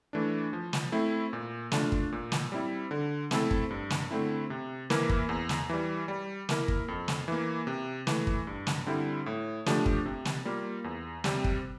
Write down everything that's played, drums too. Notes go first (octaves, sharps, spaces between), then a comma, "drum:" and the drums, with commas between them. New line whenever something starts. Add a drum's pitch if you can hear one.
E3 A3 D4
F3
drum: snare
A3 C4 E4
A#2
A3 D4 F4, drum: snare
drum: kick
A#2
drum: snare
G3 C4 E4
D3
A3 C4 E4 A4, drum: snare
drum: kick
G2
drum: snare
D3 A3 C4 E4
C3
E3 A#3 E4 A#4, drum: snare
drum: kick
E2
drum: snare
E3 G3
G3
A#3 E4 A#4, drum: snare
drum: kick
F2
drum: snare
E3 A#3
C3
E3 A3, drum: snare
drum: kick
G2
drum: snare
D3 G3 C4 E4
A2
F3 A3 D4 G4, drum: snare
drum: kick
C3
drum: snare
G3 A#3 F4
E2
C3 G3 C4, drum: snare
drum: kick